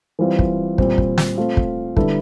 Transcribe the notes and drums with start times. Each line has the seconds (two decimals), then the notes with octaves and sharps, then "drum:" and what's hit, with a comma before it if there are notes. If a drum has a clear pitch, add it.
0.19 E3 G3 C4 F4
0.39 drum: kick
0.78 A#2 G3 C4, drum: kick
0.98 drum: kick
1.18 drum: snare
1.38 A3 C4 F4
1.57 drum: kick
1.97 D3 G3 B3 E4 A4, drum: kick